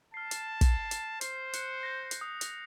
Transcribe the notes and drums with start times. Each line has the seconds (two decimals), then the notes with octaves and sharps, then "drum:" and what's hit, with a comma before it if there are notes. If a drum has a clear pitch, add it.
0.14 A5 F6 C7
0.31 drum: hi-hat
0.61 drum: kick, hi-hat
0.91 drum: hi-hat
1.21 C5 C7, drum: hi-hat
1.53 F#6 C#7, drum: hi-hat
1.83 G6 A#6
2.11 drum: hi-hat
2.21 D#6
2.41 drum: hi-hat